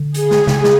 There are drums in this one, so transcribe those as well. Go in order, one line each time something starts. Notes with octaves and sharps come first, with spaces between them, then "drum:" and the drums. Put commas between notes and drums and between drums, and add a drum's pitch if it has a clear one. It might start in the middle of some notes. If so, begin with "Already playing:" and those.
Already playing: D3
G#4, drum: hi-hat
drum: snare
C#3, drum: snare
drum: snare